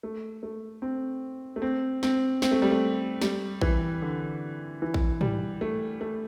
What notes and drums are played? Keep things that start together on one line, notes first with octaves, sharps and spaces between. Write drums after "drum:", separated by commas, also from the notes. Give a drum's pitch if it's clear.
A3
A3
C4
A3
C4
C4, drum: snare
C4, drum: snare
A3
G3
A3
G3, drum: snare
E3, drum: kick A#1
D3
E3
drum: kick A#1
G3, drum: tom
A3
A3